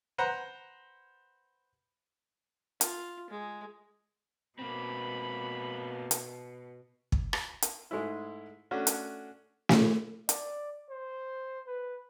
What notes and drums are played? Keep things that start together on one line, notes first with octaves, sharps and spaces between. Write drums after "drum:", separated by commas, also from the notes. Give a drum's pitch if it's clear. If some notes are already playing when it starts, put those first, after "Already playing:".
B4 C5 F#5 A#5
F4, drum: hi-hat
G#3
B2 A#3 C4 B5
drum: hi-hat
drum: kick
drum: rim click
drum: hi-hat
G#2 G#3 A3 E4
A3 C#4 D4 F#4
drum: hi-hat
drum: snare
D5, drum: hi-hat
C5
B4